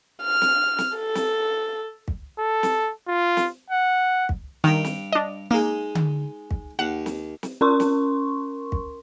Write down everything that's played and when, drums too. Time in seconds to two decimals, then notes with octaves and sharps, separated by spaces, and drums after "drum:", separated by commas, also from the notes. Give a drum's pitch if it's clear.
0.23 F6
0.42 drum: snare
0.78 drum: snare
0.97 A4
1.15 drum: snare
2.08 drum: kick
2.39 A4
2.63 drum: snare
3.08 F4
3.37 drum: snare
3.70 F#5
4.29 drum: kick
4.64 G2 D#3 G5
4.84 drum: snare
5.13 D4 D#5
5.51 G#3 A#3 D#4
5.95 drum: tom D3
6.51 drum: kick
6.79 D#2 F#5
7.06 drum: snare
7.43 drum: snare
7.61 C#4 A#4 C6 C#6
7.80 drum: snare
8.72 drum: kick